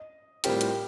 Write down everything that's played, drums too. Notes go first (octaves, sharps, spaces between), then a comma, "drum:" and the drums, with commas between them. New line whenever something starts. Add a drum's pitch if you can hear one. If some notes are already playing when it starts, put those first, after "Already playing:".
Already playing: D#5
A2 G3 C4 F4 G4 A#4, drum: hi-hat
drum: hi-hat